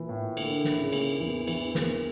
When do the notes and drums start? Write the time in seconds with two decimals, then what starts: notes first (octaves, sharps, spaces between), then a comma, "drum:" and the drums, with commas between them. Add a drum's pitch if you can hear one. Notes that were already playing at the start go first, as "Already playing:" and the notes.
Already playing: A#2 E3
0.09 A2
0.37 D3 A#3, drum: cymbal
0.64 E4, drum: snare
0.78 C#3
0.92 A#3, drum: cymbal
1.20 E2 E3
1.47 E3, drum: cymbal
1.75 A#3, drum: snare